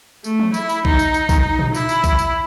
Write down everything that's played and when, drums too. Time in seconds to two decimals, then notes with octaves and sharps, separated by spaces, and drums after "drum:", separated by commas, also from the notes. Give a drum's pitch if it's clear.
0.24 A3, drum: tambourine
0.39 drum: tom
0.54 E4, drum: tambourine
0.69 drum: tambourine
0.85 D#4, drum: kick A#1
0.99 drum: tambourine
1.14 drum: tambourine
1.29 drum: kick A#1, tambourine
1.59 drum: tom A#2
1.74 E4, drum: tambourine
1.89 drum: tambourine
2.04 drum: kick A#1, tambourine
2.19 drum: tambourine